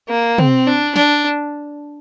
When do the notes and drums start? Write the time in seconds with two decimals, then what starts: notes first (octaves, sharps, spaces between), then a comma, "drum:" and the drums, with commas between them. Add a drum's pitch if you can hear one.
0.09 A#3
0.38 C4, drum: tom
0.67 D4
0.96 D4, drum: snare